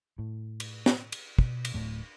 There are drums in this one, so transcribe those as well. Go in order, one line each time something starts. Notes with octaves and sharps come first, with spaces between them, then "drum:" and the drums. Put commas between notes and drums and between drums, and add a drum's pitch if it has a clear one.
A2
drum: cymbal
drum: snare
drum: cymbal
B2, drum: kick
drum: cymbal
D1 E2 A2 A3